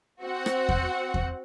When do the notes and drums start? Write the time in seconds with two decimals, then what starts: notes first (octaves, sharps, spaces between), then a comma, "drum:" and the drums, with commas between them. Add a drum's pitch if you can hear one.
0.23 C4 F#4 F#5
0.46 drum: rim click
0.69 drum: kick E2
1.14 drum: kick E2